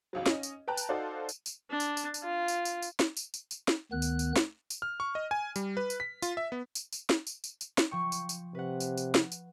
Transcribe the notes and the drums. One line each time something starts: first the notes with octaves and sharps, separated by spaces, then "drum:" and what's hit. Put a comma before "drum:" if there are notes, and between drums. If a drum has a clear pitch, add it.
G#1 C#2 F#3
C#4 D#5, drum: snare
drum: tambourine
B4 G5 A5 A#5 F#6
drum: tambourine
D#4 F#4 A4 C5 D5 F5
drum: tambourine
drum: tambourine
D4
drum: tambourine
drum: tambourine
drum: tambourine
F4
drum: tambourine
drum: tambourine
drum: tambourine
drum: snare
drum: tambourine
drum: tambourine
drum: tambourine
drum: snare
D2 D#3 B3 F#6
drum: tambourine
drum: tambourine
drum: snare
drum: tambourine
F6
C#6
D#5
G#5
G3, drum: tambourine
B4
drum: tambourine
B6
F4, drum: tambourine
E5
B3
drum: tambourine
drum: tambourine
drum: snare
drum: tambourine
drum: tambourine
drum: tambourine
drum: snare
F3 G5 C#6
drum: tambourine
drum: tambourine
C3 B4 F#5
drum: tambourine
drum: tambourine
drum: snare
drum: tambourine